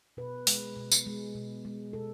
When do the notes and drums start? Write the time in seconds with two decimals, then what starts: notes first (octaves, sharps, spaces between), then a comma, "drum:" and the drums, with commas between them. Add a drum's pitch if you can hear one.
0.17 B2 B4
0.47 G#3, drum: open hi-hat
0.76 B2
0.92 drum: tambourine
1.06 G#3
1.35 B2
1.65 G#3
1.93 B2 A4